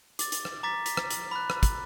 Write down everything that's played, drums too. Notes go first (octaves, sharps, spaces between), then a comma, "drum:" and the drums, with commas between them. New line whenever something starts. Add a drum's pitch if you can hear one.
D6 A6, drum: hi-hat
drum: hi-hat
drum: rim click
A#5 D6 A6 B6
B6, drum: hi-hat
drum: rim click
drum: hi-hat
B5 F#6
drum: rim click
drum: kick, hi-hat